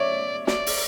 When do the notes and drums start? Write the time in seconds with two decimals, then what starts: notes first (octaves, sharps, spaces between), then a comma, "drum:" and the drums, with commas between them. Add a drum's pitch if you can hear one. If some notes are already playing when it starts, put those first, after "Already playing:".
Already playing: C#5 D5 E5
0.47 D5, drum: snare
0.66 drum: open hi-hat